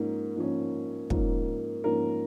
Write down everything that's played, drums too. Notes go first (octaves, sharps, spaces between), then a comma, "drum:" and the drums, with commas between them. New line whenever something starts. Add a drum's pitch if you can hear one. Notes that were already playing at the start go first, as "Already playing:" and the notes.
Already playing: G#2 F3 A#3 C#4
G#2 F3 A#3 C#4
G#2 F3 A#3 C#4, drum: kick
G#2 F3 A#3 C#4 A#4